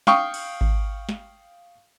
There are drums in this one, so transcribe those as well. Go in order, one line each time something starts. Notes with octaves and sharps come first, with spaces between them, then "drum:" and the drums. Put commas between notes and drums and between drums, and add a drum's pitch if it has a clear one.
F5 G5 C#6 D#6, drum: snare
drum: cymbal
drum: kick G#1
drum: snare